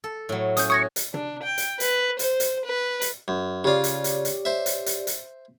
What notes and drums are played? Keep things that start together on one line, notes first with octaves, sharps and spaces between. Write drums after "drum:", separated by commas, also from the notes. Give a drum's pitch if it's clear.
A4
A2 F#3
C#4 D#6 G6, drum: hi-hat
F#4 C#6 D#6 G#6 A#6
drum: hi-hat
D4, drum: tom
G5
drum: hi-hat
B4, drum: hi-hat
C5, drum: hi-hat
drum: hi-hat
B4
drum: hi-hat
F#2
C#3 F4 G4 C#5 D5
drum: hi-hat
drum: hi-hat
drum: hi-hat
C5 E5
drum: hi-hat
drum: hi-hat
drum: hi-hat